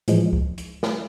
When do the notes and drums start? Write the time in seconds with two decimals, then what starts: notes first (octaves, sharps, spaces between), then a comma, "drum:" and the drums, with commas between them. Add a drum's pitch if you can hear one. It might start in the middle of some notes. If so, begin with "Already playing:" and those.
0.08 A2 E3 F3 G#3, drum: hi-hat
0.33 drum: kick C#2
0.58 drum: hi-hat
0.83 drum: snare